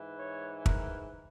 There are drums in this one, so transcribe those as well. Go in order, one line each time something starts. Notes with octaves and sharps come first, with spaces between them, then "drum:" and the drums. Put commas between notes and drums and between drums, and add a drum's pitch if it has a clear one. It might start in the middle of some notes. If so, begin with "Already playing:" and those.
Already playing: G#2 E3
C#5
A#4, drum: kick